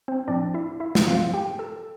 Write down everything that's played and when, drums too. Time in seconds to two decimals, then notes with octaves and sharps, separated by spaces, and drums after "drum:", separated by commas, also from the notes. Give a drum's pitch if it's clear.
0.08 C4 C5
0.28 A2 F3 C4 D4 D5
0.54 E4 E5
0.80 E4 E5
0.95 drum: snare
1.07 A2 F3 C4 F4 F5
1.34 G4 G5
1.59 A4 A5